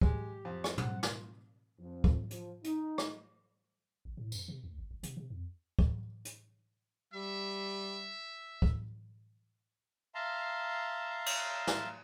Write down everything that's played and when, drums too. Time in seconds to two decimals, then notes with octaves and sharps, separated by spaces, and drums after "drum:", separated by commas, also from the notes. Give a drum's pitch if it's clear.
0.01 G#3 G4, drum: kick
0.45 F2
0.64 drum: rim click
0.78 F#5, drum: tom
1.03 F4, drum: snare
1.79 F2
2.04 drum: kick
2.31 F3, drum: hi-hat
2.64 D#4, drum: hi-hat
2.98 drum: rim click
4.05 G#1
4.17 A2
4.32 F#2, drum: tambourine
4.48 C3
4.64 D2
4.78 G1
4.91 F#1
5.03 C3, drum: hi-hat
5.17 C3
5.30 F2
5.79 drum: kick
6.25 drum: hi-hat
7.13 G3 E5
8.62 drum: kick
10.15 E5 F5 A5 A#5 C6
11.26 drum: cymbal
11.67 drum: snare